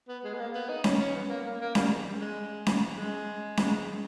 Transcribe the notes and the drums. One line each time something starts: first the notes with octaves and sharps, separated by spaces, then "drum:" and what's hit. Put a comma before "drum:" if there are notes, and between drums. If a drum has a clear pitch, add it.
B3
G#3
B3
A#3
B3
D#4
C#4, drum: snare C#4
C#4
B3
A#3
A#3
A#3
G3, drum: snare C#4
G#3
G#3
drum: snare C#4
G#3
drum: snare C#4